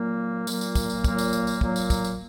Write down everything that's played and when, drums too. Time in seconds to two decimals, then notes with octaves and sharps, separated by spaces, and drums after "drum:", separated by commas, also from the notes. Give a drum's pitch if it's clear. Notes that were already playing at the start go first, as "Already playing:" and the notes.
Already playing: A#2 F#3 A#3
0.47 A#2 F#3 A#3, drum: tambourine
0.61 drum: tambourine
0.75 drum: kick, tambourine
0.90 drum: tambourine
1.04 A#2 F#3 A#3, drum: kick, tambourine
1.18 drum: tambourine
1.33 drum: tambourine
1.47 drum: tambourine
1.61 A#2 F#3 A#3, drum: kick
1.76 drum: tambourine
1.90 drum: kick, tambourine
2.04 drum: tambourine